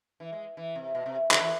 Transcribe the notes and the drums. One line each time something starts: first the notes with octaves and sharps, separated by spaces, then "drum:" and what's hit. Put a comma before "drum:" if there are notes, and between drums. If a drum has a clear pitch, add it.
E3
G#3
E3
C3
B2
C3
D3, drum: clap
E3